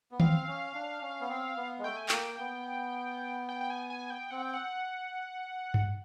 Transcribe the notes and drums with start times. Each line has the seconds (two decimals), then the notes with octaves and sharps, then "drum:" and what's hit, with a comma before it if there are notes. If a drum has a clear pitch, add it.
0.11 B3
0.20 C4 F5, drum: tom D#3
0.47 C#4
0.75 D4
1.01 C#4
1.21 B3
1.29 C4
1.57 B3
1.78 G#3
1.84 A3 G5
1.96 G#5
2.09 A#3 G5, drum: clap
2.39 B3
3.49 G5
3.61 G5
3.70 G#5
3.90 G#5
4.10 G5
4.31 C4 F#5
4.42 G5
4.54 F#5
5.74 drum: tom G2